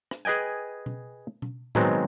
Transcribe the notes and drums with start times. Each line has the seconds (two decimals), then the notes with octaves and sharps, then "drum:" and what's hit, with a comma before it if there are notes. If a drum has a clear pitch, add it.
0.11 drum: rim click
0.25 G#4 B4 D#5 G5 G#5
0.86 drum: tom B2
1.42 drum: tom B2
1.75 B2 D#3 F#3 G#3 B3 C4, drum: tom A2